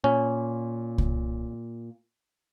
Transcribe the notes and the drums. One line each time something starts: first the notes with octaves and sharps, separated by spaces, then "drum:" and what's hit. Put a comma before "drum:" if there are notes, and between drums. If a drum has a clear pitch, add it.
A#2 C#4
drum: kick C2